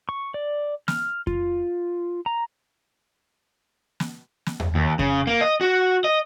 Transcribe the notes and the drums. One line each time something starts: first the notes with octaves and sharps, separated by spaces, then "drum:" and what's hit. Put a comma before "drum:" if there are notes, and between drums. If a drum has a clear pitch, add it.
C#6
D5
F6, drum: snare
F4, drum: kick F2
A#5
drum: snare
drum: snare
drum: tom E2
D#2
C#3, drum: kick F2
A#3
D#5
F#4
D#5